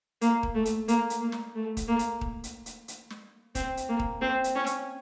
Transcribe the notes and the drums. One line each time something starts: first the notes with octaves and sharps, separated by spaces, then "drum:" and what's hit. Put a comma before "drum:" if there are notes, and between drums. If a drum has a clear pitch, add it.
A#3, drum: hi-hat
drum: kick D#1
A3
drum: hi-hat
A#3, drum: hi-hat
drum: hi-hat
A#3
drum: snare
A3
drum: kick D#1, hi-hat
A#3
drum: hi-hat
drum: kick D#1
drum: hi-hat
drum: hi-hat
drum: hi-hat
drum: snare
C4, drum: kick D#1, hi-hat
drum: hi-hat
A#3
drum: kick D#1
C4
drum: hi-hat
C#4
drum: hi-hat